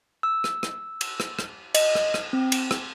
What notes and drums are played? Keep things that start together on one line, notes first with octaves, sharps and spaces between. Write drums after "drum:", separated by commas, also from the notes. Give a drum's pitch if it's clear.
E6
drum: rim click
drum: rim click
drum: cymbal
drum: rim click
drum: rim click
D#5, drum: cymbal
drum: rim click
drum: rim click
C4
drum: cymbal
drum: rim click